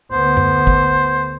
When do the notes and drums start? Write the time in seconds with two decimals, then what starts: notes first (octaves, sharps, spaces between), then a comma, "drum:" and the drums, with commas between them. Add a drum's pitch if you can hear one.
0.12 D2 B3 C5
0.37 drum: tom F#2
0.67 drum: kick